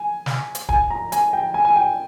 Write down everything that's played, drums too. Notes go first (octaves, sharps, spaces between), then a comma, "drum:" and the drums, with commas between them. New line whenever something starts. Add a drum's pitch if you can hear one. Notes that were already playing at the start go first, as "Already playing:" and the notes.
Already playing: G#5
drum: snare
drum: hi-hat
G#5, drum: kick D1
A#5
G#5, drum: hi-hat
G5
G#5
G#5
G5